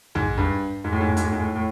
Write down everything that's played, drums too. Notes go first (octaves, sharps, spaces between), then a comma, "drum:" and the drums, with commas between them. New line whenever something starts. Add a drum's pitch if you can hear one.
G#2, drum: tom A#1
G2
G#2
A2
G#2
A2
G#2, drum: hi-hat
A2
G#2
A2
A2